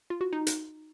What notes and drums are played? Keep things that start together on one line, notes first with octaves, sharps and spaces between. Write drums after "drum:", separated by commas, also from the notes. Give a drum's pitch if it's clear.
F4
F#4
D#4
drum: hi-hat